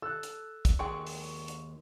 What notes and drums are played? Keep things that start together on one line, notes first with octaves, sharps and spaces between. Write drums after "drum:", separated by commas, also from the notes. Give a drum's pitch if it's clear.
A4 E6 F#6
drum: hi-hat
drum: kick, hi-hat
D#2 F#4 G#4 G5 C6 C#6
drum: open hi-hat
drum: hi-hat